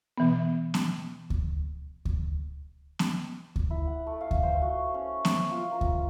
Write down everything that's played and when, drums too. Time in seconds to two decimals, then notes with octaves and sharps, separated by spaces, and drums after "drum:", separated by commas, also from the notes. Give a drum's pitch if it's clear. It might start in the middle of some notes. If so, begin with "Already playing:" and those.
0.18 B2 E3 B3
0.74 drum: snare B3
1.30 drum: kick D2
2.05 drum: kick D2
2.99 drum: snare B3
3.56 drum: kick D2
3.70 E4
3.87 F#5
4.07 A3
4.21 F5
4.31 drum: kick D2
4.43 C5
4.62 F#4
4.94 C#4
5.25 drum: snare B3
5.51 F4
5.71 A#4
5.81 drum: kick D2